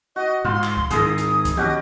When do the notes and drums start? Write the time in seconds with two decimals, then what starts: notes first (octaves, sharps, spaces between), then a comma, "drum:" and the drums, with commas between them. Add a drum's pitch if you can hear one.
0.16 F#4 D#5
0.45 G#2 F4 C6
0.63 drum: clap
0.77 drum: kick C#2
0.91 G#2 D#3 E4 G#4 D#6, drum: hi-hat
1.18 drum: hi-hat
1.45 drum: kick C#2, hi-hat
1.57 C#4 F#4 G4 D#5, drum: tom D#3